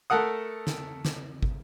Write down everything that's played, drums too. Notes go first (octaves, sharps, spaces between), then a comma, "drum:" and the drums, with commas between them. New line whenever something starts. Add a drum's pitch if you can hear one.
A3 A4 A#4 F#5 D#6
drum: snare
drum: snare
drum: kick